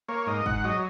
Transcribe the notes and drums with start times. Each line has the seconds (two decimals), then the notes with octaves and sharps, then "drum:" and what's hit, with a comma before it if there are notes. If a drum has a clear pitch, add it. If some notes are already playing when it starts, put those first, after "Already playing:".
0.08 A#3 C#5
0.27 G#2 D#5
0.46 G#2 F#5, drum: kick
0.64 F#3 D#5